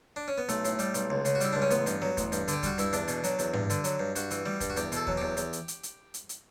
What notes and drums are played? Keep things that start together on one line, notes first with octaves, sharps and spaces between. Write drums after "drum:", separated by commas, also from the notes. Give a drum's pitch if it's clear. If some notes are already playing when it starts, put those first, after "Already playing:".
D4
C#4
B3
B1 A3, drum: hi-hat
A2, drum: hi-hat
G3, drum: hi-hat
B1, drum: hi-hat
C#2
C#3, drum: hi-hat
F#4
G3 E4, drum: hi-hat
C#2 D4
C#4
A1 B3, drum: hi-hat
G2, drum: hi-hat
F#3, drum: snare A3
A1, drum: kick D#2, hi-hat
G2, drum: hi-hat
D3, drum: hi-hat
G4
G3 F#4, drum: kick D#2, hi-hat
G2 E4, drum: hi-hat
E2 D4, drum: hi-hat
B2, drum: hi-hat
F#3, drum: hi-hat
E2, drum: hi-hat
G2, drum: tom G#2
D3, drum: hi-hat
F#3, drum: hi-hat
G2
G2 F#4, drum: hi-hat
E3, drum: hi-hat
G3, drum: snare A3
G2, drum: kick D#2, hi-hat
F#4
E2 G4, drum: hi-hat
B2 A4, drum: hi-hat
F#3, drum: kick D#2
E2 G4
E2, drum: hi-hat
drum: hi-hat
drum: hi-hat
drum: hi-hat
drum: hi-hat
drum: hi-hat